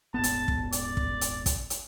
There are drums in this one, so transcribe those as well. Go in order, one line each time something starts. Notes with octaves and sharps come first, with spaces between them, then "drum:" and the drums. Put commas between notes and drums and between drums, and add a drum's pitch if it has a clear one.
D#1 G#1 B3 A5
drum: hi-hat
drum: kick
D5, drum: hi-hat
drum: kick
drum: hi-hat
drum: kick, hi-hat
drum: hi-hat